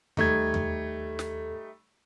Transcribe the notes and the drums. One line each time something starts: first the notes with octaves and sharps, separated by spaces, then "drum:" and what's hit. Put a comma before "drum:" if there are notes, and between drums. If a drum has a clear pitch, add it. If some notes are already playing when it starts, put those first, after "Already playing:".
D#2 G3 A3 D#4 A4 G#6, drum: tom E2
drum: tom E2
drum: snare